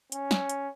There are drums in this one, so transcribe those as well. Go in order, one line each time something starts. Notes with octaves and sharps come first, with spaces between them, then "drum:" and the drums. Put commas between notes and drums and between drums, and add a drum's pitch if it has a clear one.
C#4, drum: hi-hat
drum: snare
drum: hi-hat